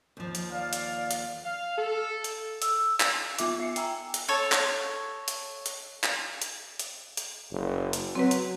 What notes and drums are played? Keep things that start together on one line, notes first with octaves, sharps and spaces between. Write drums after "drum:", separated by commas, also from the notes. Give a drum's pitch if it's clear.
D#2 F3
drum: hi-hat
D5 F5
drum: hi-hat
drum: hi-hat
F5
A4
drum: hi-hat
E6, drum: hi-hat
drum: clap
B3 F4 E5 D6, drum: hi-hat
E5 C7 C#7
G5 G#5 A#5 E6, drum: hi-hat
drum: hi-hat
A4 C#5
drum: clap
drum: hi-hat
drum: hi-hat
drum: clap
drum: hi-hat
drum: hi-hat
drum: hi-hat
F#1
drum: hi-hat
F#3 C4 B4
drum: hi-hat